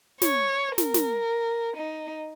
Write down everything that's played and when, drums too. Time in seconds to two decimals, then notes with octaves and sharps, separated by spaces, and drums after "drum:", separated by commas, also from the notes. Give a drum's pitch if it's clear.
0.22 C#5, drum: snare
0.78 A#4, drum: snare
0.94 drum: snare
1.77 D#4